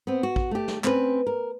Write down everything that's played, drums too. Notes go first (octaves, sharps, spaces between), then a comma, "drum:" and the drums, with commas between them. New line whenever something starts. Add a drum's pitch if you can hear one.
B3 C4
F#4
drum: kick
A3 G4
drum: snare
C4 C#4 B4, drum: clap
A#4